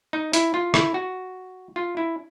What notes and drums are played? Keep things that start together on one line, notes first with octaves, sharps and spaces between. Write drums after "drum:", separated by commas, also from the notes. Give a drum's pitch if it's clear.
D#4
E4, drum: hi-hat
F4
E4, drum: rim click
F#4
F4
E4